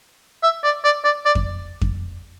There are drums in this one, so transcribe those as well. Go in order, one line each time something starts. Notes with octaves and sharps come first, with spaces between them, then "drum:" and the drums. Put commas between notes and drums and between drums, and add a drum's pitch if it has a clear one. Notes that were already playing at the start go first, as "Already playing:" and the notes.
E5
D5
D5
D5
D5
drum: kick F2
drum: kick F2